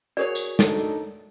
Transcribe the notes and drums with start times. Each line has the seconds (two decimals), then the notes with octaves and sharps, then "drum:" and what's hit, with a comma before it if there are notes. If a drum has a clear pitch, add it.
0.17 F#4 G#4 A#4 C#5 D5
0.35 drum: tambourine
0.59 D4 D#4 A4, drum: snare